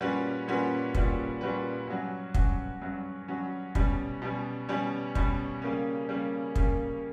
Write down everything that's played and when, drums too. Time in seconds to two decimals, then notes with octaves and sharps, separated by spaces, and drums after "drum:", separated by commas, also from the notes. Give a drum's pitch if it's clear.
0.01 A#2 G3 C#4 F#4 B4
0.48 A#2 G3 C#4 F#4 B4
0.95 A#2 G3 C#4 F#4 B4, drum: kick
1.41 A#2 G3 C#4 F#4 B4
1.87 G2 F#3 C#4 F#4
2.34 G2 F#3 C#4 F#4, drum: kick
2.81 G2 F#3 C#4 F#4
3.28 G2 F#3 C#4 F#4
3.75 B2 G3 C#4, drum: kick
4.22 B2 G3 C#4
4.69 B2 G3 C#4
5.15 B2 G3 C#4, drum: kick
5.62 C#3 G3 A#3 C#4
6.09 C#3 G3 A#3 C#4
6.56 C#3 G3 A#3 C#4, drum: kick